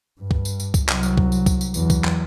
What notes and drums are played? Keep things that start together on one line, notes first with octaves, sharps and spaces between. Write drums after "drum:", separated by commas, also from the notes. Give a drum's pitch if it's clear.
G2
drum: kick
drum: tambourine
drum: tambourine
drum: kick, tambourine
C2 F#3, drum: clap
drum: tambourine
drum: kick
drum: tambourine
drum: kick, tambourine
drum: tambourine
E2 F#3, drum: tambourine
drum: kick, tambourine
drum: clap